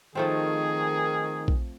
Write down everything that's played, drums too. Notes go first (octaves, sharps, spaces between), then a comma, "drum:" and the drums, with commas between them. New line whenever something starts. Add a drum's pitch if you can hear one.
D#3 F3 A3 C4 G#4
drum: kick A#1